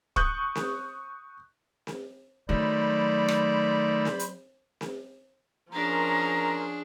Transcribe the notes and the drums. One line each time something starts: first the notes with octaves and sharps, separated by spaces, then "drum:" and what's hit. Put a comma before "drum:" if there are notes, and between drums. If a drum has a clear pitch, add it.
C#6 D#6 F#6 G6, drum: kick D1
drum: snare C4
drum: snare C4
D#3 F#3 A3 C5 D5 B5
drum: rim click
drum: snare C4
drum: hi-hat
drum: snare C4
F3 C#4 D4 G#4 A#4 A#5